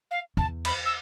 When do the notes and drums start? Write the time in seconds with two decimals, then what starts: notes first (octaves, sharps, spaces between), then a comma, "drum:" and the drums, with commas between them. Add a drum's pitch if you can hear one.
0.10 F5
0.37 E2 A5
0.65 B5, drum: cymbal
0.85 E6